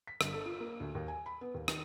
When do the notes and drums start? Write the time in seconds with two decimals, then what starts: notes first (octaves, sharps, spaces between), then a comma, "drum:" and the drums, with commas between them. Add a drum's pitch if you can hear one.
0.07 B6
0.21 G1, drum: rim click
0.34 A4
0.46 F4
0.60 A#3
0.80 D2
0.95 D#2
1.08 G#5
1.26 B5
1.41 B3
1.54 D#2
1.68 D#3, drum: rim click